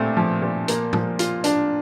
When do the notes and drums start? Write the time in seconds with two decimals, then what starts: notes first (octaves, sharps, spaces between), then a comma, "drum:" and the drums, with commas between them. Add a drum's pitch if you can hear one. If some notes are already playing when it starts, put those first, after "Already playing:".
Already playing: A#2 A3 C4
0.17 F3
0.42 A#2
0.68 A#3, drum: hi-hat
0.93 F3, drum: tom A2
1.19 F4, drum: hi-hat
1.44 D4, drum: hi-hat